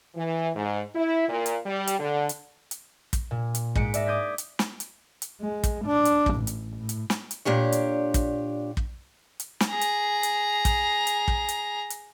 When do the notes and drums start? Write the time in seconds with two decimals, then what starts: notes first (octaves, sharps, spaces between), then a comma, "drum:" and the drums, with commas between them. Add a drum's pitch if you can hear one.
0.16 E3
0.55 G#2
0.95 E4
1.28 A#2
1.46 drum: hi-hat
1.65 G3
1.87 drum: hi-hat
1.99 D3
2.29 drum: hi-hat
2.71 drum: hi-hat
3.13 drum: kick, hi-hat
3.31 A#2
3.55 drum: hi-hat
3.75 G#2 G#3 B6 C#7 D7, drum: kick
3.94 D5 E5 A#6, drum: hi-hat
4.06 D6 D#6 G6 G#6 A#6 B6
4.38 drum: hi-hat
4.59 drum: snare
4.80 drum: hi-hat
5.22 drum: hi-hat
5.41 G#3
5.64 drum: kick, hi-hat
5.85 D4
6.05 drum: hi-hat
6.26 drum: kick
6.35 A1
6.47 drum: hi-hat
6.77 A2
6.89 drum: hi-hat
7.10 drum: snare
7.31 drum: hi-hat
7.45 A#2 D4 G4 C#5
7.72 drum: hi-hat
8.14 drum: kick, hi-hat
8.77 drum: kick
9.40 drum: hi-hat
9.60 drum: snare
9.70 G#4 A#5
9.81 drum: hi-hat
10.23 drum: hi-hat
10.65 drum: kick, hi-hat
11.07 drum: hi-hat
11.28 drum: kick
11.49 drum: hi-hat
11.90 drum: hi-hat